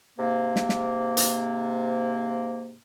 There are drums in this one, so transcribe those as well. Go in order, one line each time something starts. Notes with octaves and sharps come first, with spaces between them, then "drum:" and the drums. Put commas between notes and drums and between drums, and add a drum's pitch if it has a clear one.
G#2 C3 A#3
drum: snare
drum: snare
drum: hi-hat